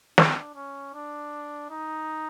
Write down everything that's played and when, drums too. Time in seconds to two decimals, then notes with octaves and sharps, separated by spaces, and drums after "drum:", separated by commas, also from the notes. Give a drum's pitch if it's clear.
0.18 D4, drum: snare
0.55 C#4
0.94 D4
1.70 D#4